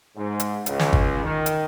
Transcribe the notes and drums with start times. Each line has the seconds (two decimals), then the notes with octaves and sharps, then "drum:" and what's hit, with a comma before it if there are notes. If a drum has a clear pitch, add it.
0.17 G#2
0.40 drum: hi-hat
0.66 C#2, drum: hi-hat
0.79 drum: snare
0.93 drum: kick G1
1.24 D#3
1.46 drum: hi-hat